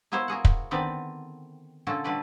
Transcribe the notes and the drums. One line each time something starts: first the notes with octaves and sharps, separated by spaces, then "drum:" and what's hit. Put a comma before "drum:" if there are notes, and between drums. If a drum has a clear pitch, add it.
A#3 B3 E4 C5 C#5
A#3 F#4 G#4 F#5
drum: kick
D3 D#3 B3 C4 B4 D5
A#2 D3 C#4 F4 F#4 A4
D3 G3 A3 B4 D5